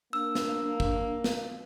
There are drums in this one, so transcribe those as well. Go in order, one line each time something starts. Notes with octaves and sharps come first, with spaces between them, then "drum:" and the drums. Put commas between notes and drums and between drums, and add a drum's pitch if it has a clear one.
A#3 D4 E6
drum: snare
drum: kick
drum: snare